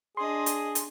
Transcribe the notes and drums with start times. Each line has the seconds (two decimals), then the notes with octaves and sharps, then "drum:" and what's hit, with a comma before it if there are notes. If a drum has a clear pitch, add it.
0.17 D4 G#4 D#5 C6
0.46 drum: hi-hat
0.75 drum: hi-hat